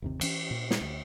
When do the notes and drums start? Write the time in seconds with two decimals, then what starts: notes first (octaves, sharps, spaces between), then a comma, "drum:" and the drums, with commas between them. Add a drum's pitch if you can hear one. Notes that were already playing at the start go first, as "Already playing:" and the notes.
0.02 G1 D#2 C3
0.21 E3 C#4, drum: cymbal
0.51 A#2
0.71 drum: snare
0.81 D2